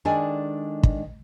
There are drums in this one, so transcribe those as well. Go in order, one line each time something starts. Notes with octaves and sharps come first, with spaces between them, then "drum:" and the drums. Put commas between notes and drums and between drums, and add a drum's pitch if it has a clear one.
D#3 G#3 D4 A4 D5 G#5
drum: kick